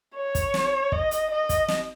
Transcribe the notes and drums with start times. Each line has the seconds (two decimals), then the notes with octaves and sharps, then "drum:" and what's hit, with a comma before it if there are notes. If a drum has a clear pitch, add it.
0.15 C#5
0.35 drum: kick, hi-hat
0.54 drum: snare
0.92 D#5, drum: kick
1.11 drum: hi-hat
1.31 D#5
1.49 drum: kick, hi-hat
1.68 drum: snare